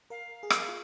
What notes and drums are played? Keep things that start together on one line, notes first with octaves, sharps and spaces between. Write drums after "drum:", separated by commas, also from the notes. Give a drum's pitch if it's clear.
A#4 F5
G#4
A#4, drum: rim click
G#4
F4